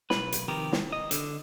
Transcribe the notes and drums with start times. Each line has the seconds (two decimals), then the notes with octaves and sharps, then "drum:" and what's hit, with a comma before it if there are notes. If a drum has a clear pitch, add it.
0.10 B1 B4, drum: snare
0.32 drum: hi-hat
0.48 C3 D#3 F3 G4 A#4
0.72 drum: snare
0.92 D#5
1.11 D3, drum: hi-hat